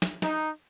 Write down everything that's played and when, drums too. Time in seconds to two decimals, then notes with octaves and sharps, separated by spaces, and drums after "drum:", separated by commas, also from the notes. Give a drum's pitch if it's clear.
0.02 drum: snare
0.22 D#4, drum: snare